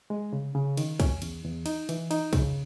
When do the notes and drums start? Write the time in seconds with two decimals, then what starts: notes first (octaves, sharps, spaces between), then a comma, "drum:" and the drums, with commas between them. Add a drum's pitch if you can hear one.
0.10 G#3
0.33 C#3
0.55 C#3
0.77 D#3, drum: cymbal
1.00 C#4, drum: kick, cymbal
1.22 E2, drum: cymbal
1.44 E2
1.66 D#4, drum: cymbal
1.89 E3, drum: cymbal
2.11 D#4, drum: cymbal
2.33 C#3, drum: kick, cymbal